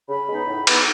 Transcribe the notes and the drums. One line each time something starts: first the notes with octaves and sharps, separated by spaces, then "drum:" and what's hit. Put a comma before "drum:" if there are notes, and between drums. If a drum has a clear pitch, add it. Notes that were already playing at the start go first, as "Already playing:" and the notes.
C#3 B5
G#3 B3 D#4
A2
E3 B3 D#4, drum: cymbal